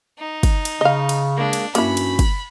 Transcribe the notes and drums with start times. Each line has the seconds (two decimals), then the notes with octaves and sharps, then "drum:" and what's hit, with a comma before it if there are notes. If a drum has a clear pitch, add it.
0.19 D#4
0.43 drum: kick, cymbal
0.65 drum: cymbal
0.81 C#3 D#5 F5
1.09 drum: cymbal
1.38 G#3 A#3 D4
1.53 drum: cymbal
1.75 G2 F#3 A#3 C#4 E4 B5, drum: cymbal
1.97 drum: cymbal
2.19 drum: kick, cymbal